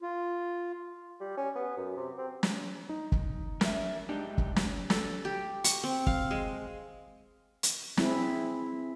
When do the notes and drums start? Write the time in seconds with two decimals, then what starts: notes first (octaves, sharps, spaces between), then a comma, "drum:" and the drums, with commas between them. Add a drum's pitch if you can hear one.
0.02 F4
1.20 G3
1.37 C#4
1.55 B3
1.77 F#2
1.97 C3
2.18 C4
2.43 drum: snare
2.89 D#4
3.12 drum: kick
3.61 A#4 E5, drum: snare
4.09 G#2 D4 D#4 G4
4.38 drum: kick
4.56 drum: snare
4.90 A4, drum: snare
5.25 G4
5.64 C#6, drum: hi-hat
5.84 C4
6.07 F5, drum: kick
6.31 G#3
7.63 drum: hi-hat
7.97 C4 E4 G#4, drum: snare